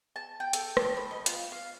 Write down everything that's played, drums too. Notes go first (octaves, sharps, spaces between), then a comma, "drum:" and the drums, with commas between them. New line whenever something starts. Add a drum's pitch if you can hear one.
A5
G5
A4, drum: hi-hat
drum: rim click
B5
D#5
F4, drum: hi-hat
F5